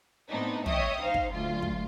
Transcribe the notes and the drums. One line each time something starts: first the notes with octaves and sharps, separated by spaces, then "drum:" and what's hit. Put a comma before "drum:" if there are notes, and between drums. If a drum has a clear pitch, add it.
A2 B3 C4 D4 D#4
C#5 D#5 E5 G5 D#6, drum: tom
D#4 C5 F5
drum: kick
D2 F#3 F4
drum: kick